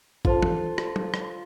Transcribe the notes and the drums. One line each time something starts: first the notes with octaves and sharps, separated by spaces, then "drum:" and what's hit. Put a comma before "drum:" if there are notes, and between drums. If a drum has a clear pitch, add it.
F4 A4 C5 A5, drum: kick A1
drum: tom E3
drum: rim click
drum: tom
drum: rim click